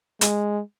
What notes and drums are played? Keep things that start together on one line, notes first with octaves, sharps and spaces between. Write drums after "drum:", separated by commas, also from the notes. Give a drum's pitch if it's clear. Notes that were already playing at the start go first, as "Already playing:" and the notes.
G#3, drum: hi-hat